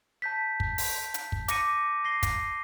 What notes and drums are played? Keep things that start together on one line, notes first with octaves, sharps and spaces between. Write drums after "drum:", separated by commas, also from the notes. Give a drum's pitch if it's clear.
A5 G6 B6
drum: kick
drum: open hi-hat
drum: hi-hat
drum: kick
D6 A#6 C#7 D#7, drum: hi-hat
A#6 C7 G7
drum: kick, hi-hat